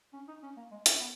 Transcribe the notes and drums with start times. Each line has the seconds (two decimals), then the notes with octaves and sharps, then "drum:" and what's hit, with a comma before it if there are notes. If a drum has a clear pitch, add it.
0.13 C#4
0.28 D#4
0.43 C#4
0.57 A#3
0.71 G#3
0.86 C#4, drum: hi-hat
1.00 B3